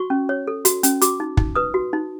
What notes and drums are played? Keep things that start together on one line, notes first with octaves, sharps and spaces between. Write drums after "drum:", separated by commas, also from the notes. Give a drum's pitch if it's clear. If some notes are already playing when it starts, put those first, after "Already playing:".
Already playing: F#4 C#6
C#4
C#5
A4
F#4, drum: hi-hat
C#4, drum: hi-hat
F#4 D6, drum: hi-hat
D#4
D#4, drum: kick
B4 D#6
F#4
D#4